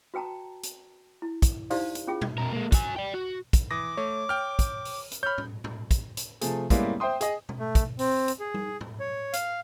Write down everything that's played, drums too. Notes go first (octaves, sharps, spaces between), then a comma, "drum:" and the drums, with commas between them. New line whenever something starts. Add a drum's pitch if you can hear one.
F#4 B4 G5 A5 A#5
drum: hi-hat
E4
drum: kick, hi-hat
D#4 E4 G4 C5 D5 F5, drum: open hi-hat
drum: hi-hat
C#4 F4 G#4 G5
drum: tom A#2
F2 A#4
G#3 A#3
F#4 G#5, drum: kick, hi-hat
D5 G5
F#4
drum: kick, hi-hat
E3 D6 D#6 A#6
A3 C#5
G5 F6
drum: kick, hi-hat
drum: open hi-hat
drum: hi-hat
C#5 B5 F6 G6
drum: tom A2
drum: tom A2
drum: kick, hi-hat
drum: hi-hat
C3 F3 A3 G#4, drum: hi-hat
G3 G#3 A#3 B3 C#4 E4, drum: kick, hi-hat
C5 E5 G5 C6 D#6
G#4 D#5, drum: hi-hat
drum: tom B2
A3
drum: kick, hi-hat
C4, drum: open hi-hat
drum: hi-hat
G#4
drum: tom G3
drum: tom A2
C#5
F5, drum: hi-hat